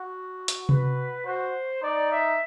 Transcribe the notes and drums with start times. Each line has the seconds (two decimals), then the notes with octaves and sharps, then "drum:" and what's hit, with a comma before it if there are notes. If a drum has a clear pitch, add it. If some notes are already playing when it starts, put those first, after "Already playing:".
Already playing: F#4
0.48 drum: hi-hat
0.69 B4, drum: tom C3
1.26 F#4 C5
1.83 D#4 D5
2.11 E5